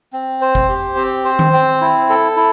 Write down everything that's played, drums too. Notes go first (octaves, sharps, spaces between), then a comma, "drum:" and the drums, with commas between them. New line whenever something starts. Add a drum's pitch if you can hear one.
C4
C5
drum: kick
G4
C4
C5
drum: tom D#3
C4
E4
A4
E4